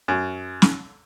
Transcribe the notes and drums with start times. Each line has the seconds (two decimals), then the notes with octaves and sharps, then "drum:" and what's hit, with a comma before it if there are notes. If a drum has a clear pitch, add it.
0.08 F#2
0.62 drum: snare